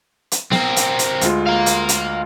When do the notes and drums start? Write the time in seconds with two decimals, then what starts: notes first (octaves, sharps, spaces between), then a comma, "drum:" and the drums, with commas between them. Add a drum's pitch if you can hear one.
0.32 drum: hi-hat
0.51 C4 A#4, drum: snare B3
0.76 drum: hi-hat
0.99 drum: hi-hat
1.21 D2 G#3 F4, drum: hi-hat
1.47 F5 A#5
1.66 drum: hi-hat
1.89 drum: hi-hat